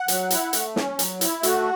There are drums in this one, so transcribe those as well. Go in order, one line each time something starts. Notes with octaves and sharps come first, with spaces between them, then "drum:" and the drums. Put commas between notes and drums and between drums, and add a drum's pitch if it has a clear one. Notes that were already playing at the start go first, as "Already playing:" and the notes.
Already playing: F#5
F#3, drum: hi-hat
E4, drum: hi-hat
A3, drum: hi-hat
C#4, drum: snare
F#3, drum: hi-hat
E4, drum: hi-hat
A3 F#4, drum: hi-hat